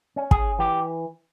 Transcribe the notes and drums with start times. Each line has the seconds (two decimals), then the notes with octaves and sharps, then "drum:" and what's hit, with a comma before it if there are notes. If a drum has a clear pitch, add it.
0.16 C#4
0.31 G#4, drum: kick
0.59 E3 G4